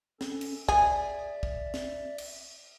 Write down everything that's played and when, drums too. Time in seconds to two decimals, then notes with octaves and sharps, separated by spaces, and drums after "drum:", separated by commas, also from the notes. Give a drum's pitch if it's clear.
0.21 C#4 A4, drum: snare
0.41 drum: cymbal
0.69 G#4 D5 E5, drum: kick
1.43 drum: kick
1.74 drum: snare
2.18 drum: cymbal